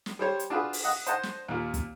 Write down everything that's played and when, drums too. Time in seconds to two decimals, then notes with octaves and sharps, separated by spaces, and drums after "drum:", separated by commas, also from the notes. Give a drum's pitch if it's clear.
0.06 drum: snare
0.19 G3 C5 C#5
0.39 drum: hi-hat
0.50 D4 F4 F#4 G#4 B4
0.73 drum: open hi-hat
0.84 D#5 F#5 D#6
1.07 C5 D#5 F#5 A5, drum: hi-hat
1.23 drum: snare
1.49 D#2 A#2
1.74 drum: kick, hi-hat